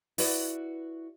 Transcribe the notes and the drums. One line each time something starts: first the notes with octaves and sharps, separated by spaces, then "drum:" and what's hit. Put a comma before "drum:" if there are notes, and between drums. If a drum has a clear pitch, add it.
E4 F#4 B4 D5, drum: open hi-hat